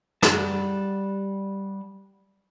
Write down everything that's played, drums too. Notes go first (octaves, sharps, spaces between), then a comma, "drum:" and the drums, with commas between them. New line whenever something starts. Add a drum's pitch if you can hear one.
G3 F#5 A5, drum: snare